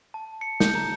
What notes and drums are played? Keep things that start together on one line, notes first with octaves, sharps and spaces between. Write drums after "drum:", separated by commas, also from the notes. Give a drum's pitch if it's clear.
A5
C#7
G6, drum: snare
A#5